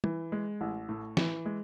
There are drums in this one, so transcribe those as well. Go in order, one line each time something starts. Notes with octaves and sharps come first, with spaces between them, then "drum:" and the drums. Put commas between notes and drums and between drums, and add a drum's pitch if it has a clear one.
E3, drum: tom
G#3
A1
A2
E3, drum: snare
G#3